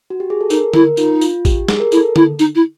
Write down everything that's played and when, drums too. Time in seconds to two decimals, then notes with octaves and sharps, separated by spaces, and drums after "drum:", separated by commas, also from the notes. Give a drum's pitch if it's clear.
0.10 F#4
0.20 G4
0.30 G#4
0.41 A4
0.50 D#4 A#4, drum: tambourine
0.73 E4 A#4, drum: tom D3
0.97 D#4 F4, drum: tambourine
1.21 F4, drum: tambourine
1.45 G4, drum: kick A1, tambourine
1.68 G#4, drum: snare
1.80 A#4
1.92 E4 A4, drum: tambourine
2.16 E4, drum: tom D3
2.39 D#4, drum: tambourine
2.55 E4